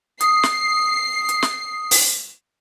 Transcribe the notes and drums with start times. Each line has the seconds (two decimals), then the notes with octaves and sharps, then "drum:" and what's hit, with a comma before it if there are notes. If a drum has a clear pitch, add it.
0.21 D#6 C7, drum: hi-hat
0.43 drum: snare
1.29 drum: hi-hat
1.42 drum: snare
1.91 drum: open hi-hat